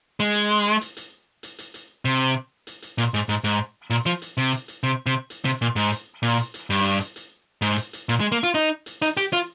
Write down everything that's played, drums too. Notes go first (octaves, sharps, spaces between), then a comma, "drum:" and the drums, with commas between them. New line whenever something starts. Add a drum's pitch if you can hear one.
G#3, drum: hi-hat
drum: hi-hat
drum: hi-hat
drum: hi-hat
drum: hi-hat
drum: hi-hat
drum: hi-hat
drum: hi-hat
drum: hi-hat
C3
drum: hi-hat
drum: hi-hat
A#2, drum: hi-hat
G#2, drum: hi-hat
G#2, drum: hi-hat
G#2, drum: hi-hat
A#2, drum: hi-hat
F3, drum: hi-hat
drum: hi-hat
C3, drum: hi-hat
drum: hi-hat
drum: hi-hat
C3
C3
drum: hi-hat
C3, drum: hi-hat
A#2
G#2, drum: hi-hat
drum: hi-hat
A#2
drum: hi-hat
drum: hi-hat
G2, drum: hi-hat
drum: hi-hat
drum: hi-hat
drum: hi-hat
G#2, drum: hi-hat
drum: hi-hat
drum: hi-hat
A#2, drum: hi-hat
G#3
A#3
F4
D#4
drum: hi-hat
D#4, drum: hi-hat
G4, drum: hi-hat
F4, drum: hi-hat